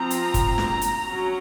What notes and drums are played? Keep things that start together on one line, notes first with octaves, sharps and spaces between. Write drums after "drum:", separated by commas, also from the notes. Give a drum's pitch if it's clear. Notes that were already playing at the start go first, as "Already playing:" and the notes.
Already playing: F3 C4 A#5
drum: hi-hat
drum: kick, hi-hat
drum: snare
drum: hi-hat
F#3 C#4